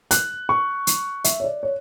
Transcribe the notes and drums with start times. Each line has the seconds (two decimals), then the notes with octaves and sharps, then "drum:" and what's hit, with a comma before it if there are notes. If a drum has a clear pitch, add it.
0.11 F#6, drum: hi-hat
0.49 C#6
0.87 drum: hi-hat
1.24 E5, drum: hi-hat
1.40 C#5
1.44 D5
1.63 C#5